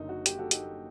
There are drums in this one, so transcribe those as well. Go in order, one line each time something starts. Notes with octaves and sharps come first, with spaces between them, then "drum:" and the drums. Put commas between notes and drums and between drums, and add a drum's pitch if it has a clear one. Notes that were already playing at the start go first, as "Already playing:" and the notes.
Already playing: F#1 F#2 D3 D#4
F#4
D#4 G4, drum: hi-hat
F#4 A4
D#4 G4, drum: hi-hat